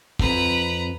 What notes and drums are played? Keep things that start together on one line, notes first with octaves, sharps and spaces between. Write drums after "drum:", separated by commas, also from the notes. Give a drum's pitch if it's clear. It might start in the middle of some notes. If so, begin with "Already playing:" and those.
F2 B4 A#5, drum: kick